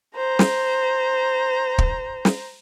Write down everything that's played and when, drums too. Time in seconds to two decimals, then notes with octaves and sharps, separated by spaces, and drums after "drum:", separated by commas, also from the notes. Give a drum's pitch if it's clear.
0.16 C5 A#5
0.39 drum: snare
1.78 drum: kick
2.25 drum: snare